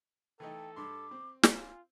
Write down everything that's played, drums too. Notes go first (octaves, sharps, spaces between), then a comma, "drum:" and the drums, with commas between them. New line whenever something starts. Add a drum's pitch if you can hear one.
E3 A3 D#4 A4 G5
G2 C6 D6
C4
F4 G#5, drum: snare